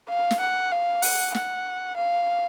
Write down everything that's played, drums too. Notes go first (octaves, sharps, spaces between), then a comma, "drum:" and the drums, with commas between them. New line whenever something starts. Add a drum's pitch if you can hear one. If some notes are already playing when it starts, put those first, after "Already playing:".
F5
drum: snare
F#5
F5
F#5, drum: open hi-hat
F#5, drum: snare
F5